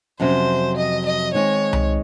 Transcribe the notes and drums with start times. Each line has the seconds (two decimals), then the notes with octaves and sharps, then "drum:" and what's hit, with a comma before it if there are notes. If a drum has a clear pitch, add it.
0.20 F2 C3 F#3 C#4 C5
0.77 D#5
1.06 D#5
1.34 D#3 G#3 C4 D#4 C#5
1.73 drum: tom C2